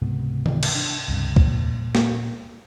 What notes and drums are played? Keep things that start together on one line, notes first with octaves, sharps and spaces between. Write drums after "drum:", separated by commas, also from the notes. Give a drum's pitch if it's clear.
C#2 G#2 C3 B3
drum: tom D#3
drum: cymbal
D4
C#2 G2 C3
A#2, drum: kick
drum: snare